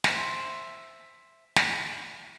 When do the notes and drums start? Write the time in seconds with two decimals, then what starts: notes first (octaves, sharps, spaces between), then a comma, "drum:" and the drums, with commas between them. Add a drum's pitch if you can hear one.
0.04 C5 E5, drum: snare
1.56 drum: snare